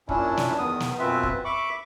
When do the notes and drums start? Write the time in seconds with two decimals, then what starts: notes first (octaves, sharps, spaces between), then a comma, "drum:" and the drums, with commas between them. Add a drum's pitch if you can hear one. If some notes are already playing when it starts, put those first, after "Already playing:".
0.09 F#2 A#2 C#4 D4 E4, drum: kick
0.37 drum: snare
0.58 E2 D#3 B3 D#6
0.80 drum: snare
0.99 F#2 B2 C4 F4 B4 E5
1.23 drum: kick
1.45 E5 B5 C#6 D6